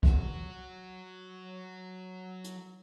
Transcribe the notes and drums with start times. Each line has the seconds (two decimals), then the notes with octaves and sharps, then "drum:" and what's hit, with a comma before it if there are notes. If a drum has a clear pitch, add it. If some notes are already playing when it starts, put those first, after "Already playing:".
0.03 F#3 F#4, drum: kick
2.44 drum: hi-hat